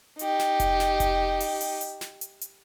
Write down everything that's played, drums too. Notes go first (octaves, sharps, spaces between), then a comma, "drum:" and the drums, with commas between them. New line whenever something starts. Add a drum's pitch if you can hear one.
D#4 G4, drum: hi-hat
drum: snare
drum: kick F1, hi-hat
drum: snare
drum: kick F1, hi-hat
drum: open hi-hat
drum: open hi-hat
drum: hi-hat
drum: snare
drum: hi-hat
drum: hi-hat